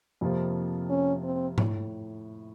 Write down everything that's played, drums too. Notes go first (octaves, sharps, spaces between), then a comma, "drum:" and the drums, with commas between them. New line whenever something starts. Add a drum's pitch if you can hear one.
F2 C3 F3 A#3 F4
C#4
C4
A2, drum: tom G#2